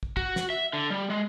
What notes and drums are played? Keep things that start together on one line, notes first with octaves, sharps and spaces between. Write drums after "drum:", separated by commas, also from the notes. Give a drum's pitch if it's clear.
drum: kick
F#4, drum: kick
drum: snare
E5
D3
G3
G#3